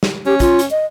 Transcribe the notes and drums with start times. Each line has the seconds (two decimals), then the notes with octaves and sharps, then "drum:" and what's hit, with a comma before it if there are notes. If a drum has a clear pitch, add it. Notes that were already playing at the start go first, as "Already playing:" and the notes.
0.03 drum: snare
0.26 C#4 G4
0.40 F4, drum: kick, hi-hat
0.59 drum: hi-hat
0.71 D#5